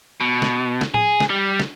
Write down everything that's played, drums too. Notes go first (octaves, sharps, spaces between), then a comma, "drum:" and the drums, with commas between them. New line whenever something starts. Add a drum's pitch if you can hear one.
B2
drum: snare
drum: snare
G#4, drum: tom A2
drum: snare
G3
drum: snare